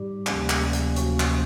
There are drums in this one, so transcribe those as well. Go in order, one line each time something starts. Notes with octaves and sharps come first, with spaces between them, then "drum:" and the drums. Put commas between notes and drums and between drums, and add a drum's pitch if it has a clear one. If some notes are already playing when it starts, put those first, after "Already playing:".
Already playing: G#2 G3 G4
D2 C3 F3 A#3 C#4, drum: clap
drum: clap
drum: hi-hat
F#3 F#4, drum: hi-hat
drum: clap